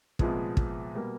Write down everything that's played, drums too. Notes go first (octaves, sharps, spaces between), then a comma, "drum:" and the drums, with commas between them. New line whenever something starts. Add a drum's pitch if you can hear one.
C2 A#2 F3 G#3 B3, drum: kick
drum: kick
B2 G3 A#3